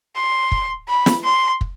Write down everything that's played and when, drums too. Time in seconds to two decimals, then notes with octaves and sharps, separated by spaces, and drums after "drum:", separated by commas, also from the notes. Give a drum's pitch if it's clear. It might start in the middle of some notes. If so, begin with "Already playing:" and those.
0.15 C6
0.52 drum: kick
0.88 B5
1.06 drum: snare
1.24 C6
1.61 drum: kick